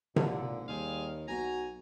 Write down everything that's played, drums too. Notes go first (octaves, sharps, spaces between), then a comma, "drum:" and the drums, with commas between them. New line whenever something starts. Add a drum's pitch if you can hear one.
G#1 A#2 D3, drum: tom C3
D#2 G3 G#4 C5 F5
B1 F#4 G#5 A#5